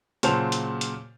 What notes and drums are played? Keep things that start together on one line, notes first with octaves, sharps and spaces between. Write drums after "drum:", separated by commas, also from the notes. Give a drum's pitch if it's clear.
A#2 C#3 F#3 C5 A5 F7, drum: hi-hat
drum: hi-hat
drum: hi-hat